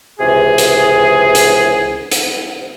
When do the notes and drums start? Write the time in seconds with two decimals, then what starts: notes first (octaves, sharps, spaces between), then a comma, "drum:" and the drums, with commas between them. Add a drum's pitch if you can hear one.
0.20 C#2 C3 E3 G#4
0.58 drum: hi-hat
1.35 drum: hi-hat
2.12 drum: hi-hat